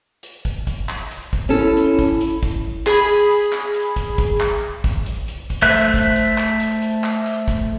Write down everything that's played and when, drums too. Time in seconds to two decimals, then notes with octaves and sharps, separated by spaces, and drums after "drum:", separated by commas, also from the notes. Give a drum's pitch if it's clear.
0.23 drum: hi-hat
0.45 drum: kick, hi-hat
0.67 drum: kick, hi-hat
0.89 drum: clap
1.11 drum: hi-hat
1.33 drum: kick, hi-hat
1.49 C#4 E4 A4
1.77 drum: hi-hat
1.99 drum: kick, hi-hat
2.21 drum: hi-hat
2.43 drum: kick, hi-hat
2.87 G#4 B5, drum: clap
3.09 drum: hi-hat
3.30 drum: hi-hat
3.52 drum: clap
3.74 drum: hi-hat
3.96 drum: kick, hi-hat
4.18 drum: kick, hi-hat
4.40 drum: clap
4.84 drum: kick, hi-hat
5.06 drum: hi-hat
5.28 drum: hi-hat
5.50 drum: kick, hi-hat
5.62 A3 C5 E5 F#6
5.72 drum: hi-hat
5.94 drum: kick, hi-hat
6.16 drum: hi-hat
6.38 drum: clap
6.60 drum: hi-hat
6.82 drum: hi-hat
7.04 drum: clap
7.26 drum: hi-hat
7.48 drum: kick, hi-hat